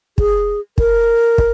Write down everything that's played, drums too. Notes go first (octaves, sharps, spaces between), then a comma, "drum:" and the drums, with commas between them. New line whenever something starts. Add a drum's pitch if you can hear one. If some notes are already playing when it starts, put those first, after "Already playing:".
G#4, drum: kick
A#4, drum: kick
drum: kick